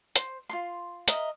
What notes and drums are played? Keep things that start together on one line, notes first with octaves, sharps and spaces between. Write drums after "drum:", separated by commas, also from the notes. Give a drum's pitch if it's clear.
C5, drum: hi-hat
F4 A4 C6
A#4 D#5 E5, drum: hi-hat